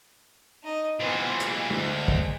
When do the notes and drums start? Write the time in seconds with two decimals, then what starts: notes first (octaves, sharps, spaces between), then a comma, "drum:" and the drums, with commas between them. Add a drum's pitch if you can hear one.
0.64 D#4 D#5
1.00 A#2 E3 B3 C5
1.40 G#3 G5, drum: hi-hat
1.71 D2, drum: tom
2.08 drum: kick